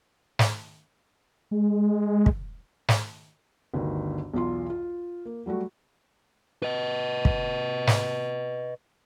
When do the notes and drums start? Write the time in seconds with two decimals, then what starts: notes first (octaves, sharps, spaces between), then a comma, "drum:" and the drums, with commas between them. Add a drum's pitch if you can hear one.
0.39 drum: snare
1.51 G#3
2.26 drum: kick
2.88 drum: snare
3.74 G1 D2 D#3
4.34 B1 E2 F4 C6
4.70 F4
5.25 A#3
5.46 F#3 G3 A3 F#4
6.63 B4 D#5
7.25 drum: kick
7.87 drum: snare